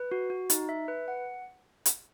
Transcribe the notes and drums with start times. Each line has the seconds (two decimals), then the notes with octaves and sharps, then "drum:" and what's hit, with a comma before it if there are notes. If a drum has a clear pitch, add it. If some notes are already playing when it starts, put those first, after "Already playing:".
Already playing: B4
0.12 F#4
0.30 F#4
0.50 D#4, drum: hi-hat
0.69 E5
0.88 B4
1.08 F#5
1.86 drum: hi-hat